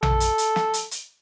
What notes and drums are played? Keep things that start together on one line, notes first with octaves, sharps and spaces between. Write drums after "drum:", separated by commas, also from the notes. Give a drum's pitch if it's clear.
A4, drum: tom A#1
drum: hi-hat
drum: hi-hat
drum: snare
drum: hi-hat
drum: hi-hat